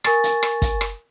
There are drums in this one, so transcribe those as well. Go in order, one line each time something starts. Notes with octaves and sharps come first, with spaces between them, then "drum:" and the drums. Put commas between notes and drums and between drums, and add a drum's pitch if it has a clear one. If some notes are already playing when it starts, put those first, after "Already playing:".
A#4 G#5 C#6 A6, drum: rim click
drum: hi-hat
drum: rim click
drum: kick, hi-hat
drum: rim click